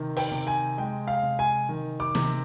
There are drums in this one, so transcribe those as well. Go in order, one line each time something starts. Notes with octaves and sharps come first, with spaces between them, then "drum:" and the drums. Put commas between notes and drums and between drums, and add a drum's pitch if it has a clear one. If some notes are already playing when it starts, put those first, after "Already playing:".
Already playing: C3 D#3
G5, drum: open hi-hat
C3
G#5
G#3 G5
F5
C3
G#5
D#3
D6
C3, drum: snare